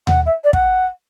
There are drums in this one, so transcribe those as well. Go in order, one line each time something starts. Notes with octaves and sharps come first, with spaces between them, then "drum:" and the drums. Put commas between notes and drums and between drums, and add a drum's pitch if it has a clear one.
F#5, drum: tom D#2
E5
D5
F#5, drum: kick